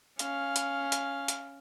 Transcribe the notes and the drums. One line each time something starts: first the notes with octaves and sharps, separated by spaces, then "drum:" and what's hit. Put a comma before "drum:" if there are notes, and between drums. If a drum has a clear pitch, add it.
C#4 F5, drum: hi-hat
drum: hi-hat
drum: hi-hat
drum: hi-hat